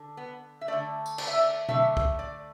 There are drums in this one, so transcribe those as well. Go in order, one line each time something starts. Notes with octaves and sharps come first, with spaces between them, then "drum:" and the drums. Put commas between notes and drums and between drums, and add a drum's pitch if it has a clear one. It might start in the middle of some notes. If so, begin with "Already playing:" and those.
Already playing: D3
B3
E5
D3 A3 D5
drum: tambourine
D5, drum: cymbal
E5
D5
D3 A3 E5, drum: tom B2
drum: kick
D5